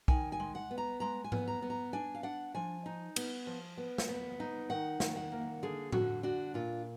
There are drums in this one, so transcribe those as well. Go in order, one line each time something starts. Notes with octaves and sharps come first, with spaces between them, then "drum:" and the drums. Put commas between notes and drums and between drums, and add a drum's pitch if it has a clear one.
D#3 G#5, drum: kick B1
G#5
G#3
F#5
B3
A#5
G#3 A#5
G#5
B3, drum: tom G#2
A#5
B3
A#5
D4 G#5
F5
D4 F#5
F3 G#5
D#4
B3, drum: cymbal
F3
B3
drum: snare
B3
D#4
D#3 F#5
D#3, drum: snare
F#5
A#3
D3 G#4
D3 F#4, drum: tom A2
D4 F#4
A#2 F4